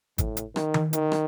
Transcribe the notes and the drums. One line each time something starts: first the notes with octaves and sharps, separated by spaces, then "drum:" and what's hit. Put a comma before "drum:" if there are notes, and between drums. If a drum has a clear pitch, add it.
A2, drum: kick G#1, hi-hat
drum: hi-hat
D#3, drum: rim click
drum: tom D#3
D#3, drum: hi-hat
drum: rim click